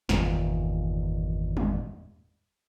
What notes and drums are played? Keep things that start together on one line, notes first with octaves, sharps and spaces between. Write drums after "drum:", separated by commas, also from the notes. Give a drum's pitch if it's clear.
G1 E2 A#2 D#3, drum: snare
drum: tom G3